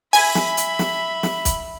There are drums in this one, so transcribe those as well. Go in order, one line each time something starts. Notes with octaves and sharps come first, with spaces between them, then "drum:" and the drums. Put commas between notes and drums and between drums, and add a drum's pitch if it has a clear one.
E5 G#5 B5, drum: open hi-hat
drum: snare
drum: hi-hat
drum: snare
drum: snare
drum: kick, hi-hat